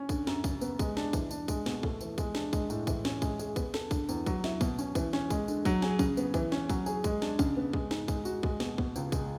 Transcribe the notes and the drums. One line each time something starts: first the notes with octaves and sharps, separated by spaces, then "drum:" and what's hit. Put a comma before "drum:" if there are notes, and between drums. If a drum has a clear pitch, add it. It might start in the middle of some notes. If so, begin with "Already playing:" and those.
Already playing: C#4
D3, drum: kick, tambourine
F#2, drum: snare
C#3, drum: kick, tambourine
B3, drum: tambourine
G#3, drum: kick, tambourine
D4, drum: snare
E3, drum: kick, tambourine
D4, drum: tambourine
G#3, drum: kick, tambourine
B2, drum: snare
A3, drum: kick
E3, drum: tambourine
G#3, drum: kick, tambourine
D4, drum: snare
G#3, drum: kick, tambourine
A2, drum: tambourine
E3, drum: kick, tambourine
C#4, drum: snare
G#3, drum: kick, tambourine
G#4, drum: tambourine
B3, drum: kick, tambourine
A4, drum: snare
D3, drum: kick, tambourine
E2, drum: tambourine
F#3, drum: kick, tambourine
E4, drum: snare
B2, drum: kick, tambourine
C#4, drum: tambourine
E3, drum: kick, tambourine
C#4, drum: snare
G#3, drum: kick, tambourine
D3, drum: tambourine
F#3, drum: kick, tambourine
G#4, drum: snare
C#3, drum: kick, tambourine
B3, drum: tambourine
E3, drum: kick, tambourine
C#4, drum: snare
F#3, drum: kick, tambourine
G#4, drum: tambourine
G#3, drum: kick, tambourine
D4, drum: snare
C#3, drum: kick, tambourine
B3
G#3, drum: kick
G#2, drum: snare
G#3, drum: kick, tambourine
F#4, drum: tambourine
G#3, drum: kick
B2, drum: snare
B2, drum: kick
C#2, drum: tambourine
G#3, drum: kick, tambourine